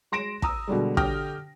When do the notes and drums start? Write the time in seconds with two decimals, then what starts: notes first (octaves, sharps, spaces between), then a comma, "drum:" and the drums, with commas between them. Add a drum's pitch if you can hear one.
0.12 G#3 C6 A#6 D7 E7
0.42 A#5 D#6 E6, drum: kick
0.68 B2 D3 G3 G#3
0.97 D3 G4 G5 D#6 F6 A#6, drum: kick